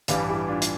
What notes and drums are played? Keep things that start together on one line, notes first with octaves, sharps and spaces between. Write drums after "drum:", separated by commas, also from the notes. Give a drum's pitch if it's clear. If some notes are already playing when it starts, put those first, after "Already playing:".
A1 G2 E3 G3 D5 F5, drum: hi-hat
E4 G4
D4 F4
drum: hi-hat